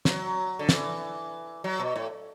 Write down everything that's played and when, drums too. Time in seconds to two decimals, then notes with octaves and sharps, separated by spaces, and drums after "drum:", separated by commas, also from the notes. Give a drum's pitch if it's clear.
0.05 F#3, drum: snare
0.59 D3
0.69 E3, drum: snare
1.64 F#3
1.80 B2
1.96 A2